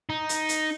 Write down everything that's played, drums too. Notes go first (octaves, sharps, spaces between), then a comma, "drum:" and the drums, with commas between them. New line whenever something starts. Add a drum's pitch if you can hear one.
D#4
drum: hi-hat
drum: hi-hat